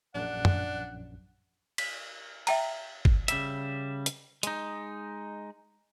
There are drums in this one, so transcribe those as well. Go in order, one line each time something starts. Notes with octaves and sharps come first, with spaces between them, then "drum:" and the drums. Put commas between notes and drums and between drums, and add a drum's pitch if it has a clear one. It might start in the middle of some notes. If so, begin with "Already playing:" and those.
A#1 F#2 D4 F#5
drum: tom F#2
B6, drum: cymbal
E5 G5 A#5, drum: cymbal
drum: kick G1
C#3 G3 E5, drum: hi-hat
drum: hi-hat
G#3 D#4, drum: hi-hat